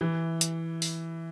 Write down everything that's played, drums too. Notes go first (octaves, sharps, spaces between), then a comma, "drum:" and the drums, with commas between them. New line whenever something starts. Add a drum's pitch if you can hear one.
E3
drum: hi-hat
drum: open hi-hat